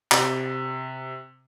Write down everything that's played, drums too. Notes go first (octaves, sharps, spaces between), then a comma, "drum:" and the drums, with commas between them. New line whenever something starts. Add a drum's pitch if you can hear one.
C3, drum: clap